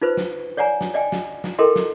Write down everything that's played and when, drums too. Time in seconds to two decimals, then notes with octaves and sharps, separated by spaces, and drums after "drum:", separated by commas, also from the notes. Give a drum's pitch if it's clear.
0.02 D#4 F4 B4 C5
0.17 drum: snare
0.57 C#5 D5 F#5 G#5 A#5
0.81 drum: snare
0.94 D5 D#5 G5 G#5
1.12 drum: snare
1.44 drum: snare
1.59 E4 A4 A#4 D#5 G5 C6
1.76 drum: snare